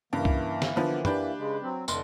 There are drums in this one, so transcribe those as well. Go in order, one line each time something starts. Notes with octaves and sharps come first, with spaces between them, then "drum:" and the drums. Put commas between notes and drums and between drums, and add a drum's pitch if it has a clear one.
G2 C#3 E3 A#3
drum: kick C2
drum: snare
D3 F3 B3
D4 G4 B4, drum: tom F#2
C#3 G#3
F#3 C4
F1 A2 D3 C6, drum: tambourine